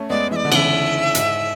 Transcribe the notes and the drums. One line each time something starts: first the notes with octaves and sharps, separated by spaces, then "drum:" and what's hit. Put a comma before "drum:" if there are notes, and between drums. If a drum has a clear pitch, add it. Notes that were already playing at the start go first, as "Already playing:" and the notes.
Already playing: A3 C#4
G#3 B3 D5
E3 G#3 D5 E5
D3
C#3 E3 E5 F#5, drum: cymbal
G#2, drum: hi-hat